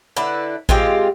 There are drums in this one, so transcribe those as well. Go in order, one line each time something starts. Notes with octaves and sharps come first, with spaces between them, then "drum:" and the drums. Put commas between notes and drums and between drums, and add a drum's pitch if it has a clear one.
D3 E4 B4 D5
G#3 C4 F4 G4, drum: kick A1